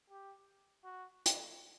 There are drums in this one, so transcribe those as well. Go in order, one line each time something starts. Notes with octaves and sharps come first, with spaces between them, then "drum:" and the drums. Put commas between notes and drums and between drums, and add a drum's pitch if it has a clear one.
G4
F#4
drum: hi-hat